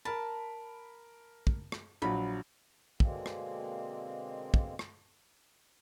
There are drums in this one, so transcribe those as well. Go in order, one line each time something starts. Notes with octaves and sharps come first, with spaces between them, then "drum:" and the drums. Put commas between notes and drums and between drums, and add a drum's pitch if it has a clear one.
A#4 A5 B5
drum: kick
drum: rim click
A#1 F#3 B5
B2 D3 G#3 A#3 C4, drum: kick
drum: rim click
drum: kick
drum: rim click